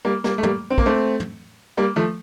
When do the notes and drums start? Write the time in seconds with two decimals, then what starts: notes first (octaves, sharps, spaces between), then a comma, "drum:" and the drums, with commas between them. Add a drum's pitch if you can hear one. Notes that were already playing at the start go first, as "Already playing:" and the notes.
0.05 G3 A#3
0.24 G3 A#3, drum: snare
0.38 A3
0.43 G3 A#3, drum: tom
0.70 C4
0.78 A#3, drum: kick
0.86 A3 C4
1.20 drum: tom
1.77 G3 A#3
1.96 F3 A3